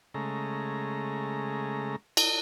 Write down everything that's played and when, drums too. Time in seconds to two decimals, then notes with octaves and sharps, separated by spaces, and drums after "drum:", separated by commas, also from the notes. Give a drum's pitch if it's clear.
0.14 C#3 G#3 A3 A#5
2.17 drum: cymbal